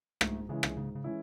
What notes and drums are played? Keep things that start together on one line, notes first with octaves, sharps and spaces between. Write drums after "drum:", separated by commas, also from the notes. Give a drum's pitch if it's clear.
G#2 A3, drum: rim click
C#3 E3 G#3 C#4 E4
drum: rim click
G#2 C#3
C#3
E3 G#3 C#4 E4